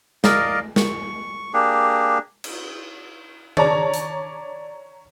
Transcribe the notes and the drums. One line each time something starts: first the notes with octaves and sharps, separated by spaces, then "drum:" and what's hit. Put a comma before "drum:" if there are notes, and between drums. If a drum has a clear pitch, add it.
A#4 D5 D#5 F5, drum: snare
C#6, drum: snare
A#3 D4 G4 G#4
drum: cymbal
C#5 D5 A5 A#5, drum: tom D#3
drum: hi-hat